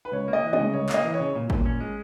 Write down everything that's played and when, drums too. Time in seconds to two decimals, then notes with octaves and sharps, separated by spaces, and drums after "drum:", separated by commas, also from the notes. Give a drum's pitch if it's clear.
0.05 B4
0.12 C#2 C#5
0.28 A#3
0.33 D#5
0.43 E3
0.53 D#5, drum: tom
0.59 C#3
0.73 C#2 C#5
0.89 A#3, drum: clap
0.94 D#5
1.05 E3
1.14 C#5
1.20 C#3
1.35 A#2
1.50 A#2, drum: kick G#1
1.66 C#4
1.80 G#3